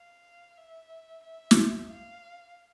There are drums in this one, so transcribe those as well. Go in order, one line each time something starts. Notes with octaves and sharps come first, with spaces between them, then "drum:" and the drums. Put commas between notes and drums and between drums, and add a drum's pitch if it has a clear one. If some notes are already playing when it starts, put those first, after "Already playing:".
Already playing: F5
E5
E5
drum: snare
F5